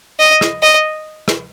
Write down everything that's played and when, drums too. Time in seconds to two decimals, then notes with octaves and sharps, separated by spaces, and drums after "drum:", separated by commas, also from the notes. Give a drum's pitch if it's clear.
0.20 D#5
0.41 drum: rim click
0.63 D#5
1.28 drum: rim click